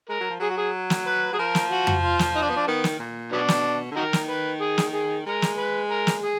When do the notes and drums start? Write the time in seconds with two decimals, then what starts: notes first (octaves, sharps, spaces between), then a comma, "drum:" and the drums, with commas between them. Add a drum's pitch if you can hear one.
0.09 G#3 A#4
0.20 F#3
0.30 F3
0.40 F#3 G#4
0.49 F#4
0.57 G#4
0.90 drum: snare
1.07 B4
1.32 F#3 G#4
1.38 F3 A#4
1.55 drum: snare
1.70 F#4
1.87 drum: tom F2
2.03 F4
2.19 drum: snare
2.36 D#4
2.42 D4
2.49 B3
2.56 D4
2.67 D#3 B3
2.84 drum: snare
2.99 A#2
3.32 B2 F#3 B3 D4
3.48 drum: snare
3.91 D3
3.96 D#3 D#4 F#4 A#4
4.13 drum: snare
4.29 B4
4.61 G#4
4.78 drum: snare
4.94 G#4
5.26 G#3 A#4
5.42 drum: snare
5.58 B4
5.91 A#4
6.07 drum: snare
6.22 G#4